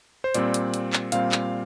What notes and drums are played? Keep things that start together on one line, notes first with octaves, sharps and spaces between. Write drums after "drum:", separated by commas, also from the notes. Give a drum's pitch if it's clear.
C5
A#2 G3 C4 D5, drum: hi-hat
drum: hi-hat
drum: hi-hat
drum: clap
A#2 G3 C4 F5, drum: hi-hat
drum: clap